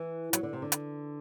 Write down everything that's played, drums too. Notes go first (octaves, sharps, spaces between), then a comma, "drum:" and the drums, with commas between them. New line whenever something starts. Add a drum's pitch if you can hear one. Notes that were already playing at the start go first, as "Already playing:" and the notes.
Already playing: E3
F#3, drum: hi-hat
D3
C3
D3
drum: hi-hat